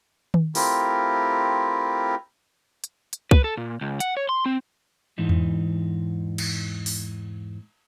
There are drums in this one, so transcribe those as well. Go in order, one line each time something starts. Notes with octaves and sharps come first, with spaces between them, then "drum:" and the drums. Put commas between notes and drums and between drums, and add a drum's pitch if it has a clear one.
drum: tom D#3
A3 C4 E4 F4 G4 A#4, drum: open hi-hat
drum: hi-hat
drum: hi-hat
B4, drum: kick C2
A4
A#2
C#2
F#5, drum: hi-hat
C#5
C6
C4
E2 G#2 E3 D#4
drum: tom E2
drum: cymbal
drum: open hi-hat